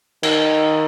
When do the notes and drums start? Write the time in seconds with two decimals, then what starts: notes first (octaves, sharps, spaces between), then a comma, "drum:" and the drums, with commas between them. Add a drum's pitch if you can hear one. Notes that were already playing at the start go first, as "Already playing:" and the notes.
0.23 D#3, drum: cymbal